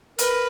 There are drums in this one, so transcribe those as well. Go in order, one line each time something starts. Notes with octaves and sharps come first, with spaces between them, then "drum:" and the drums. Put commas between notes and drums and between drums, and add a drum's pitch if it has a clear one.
A#4 B4, drum: hi-hat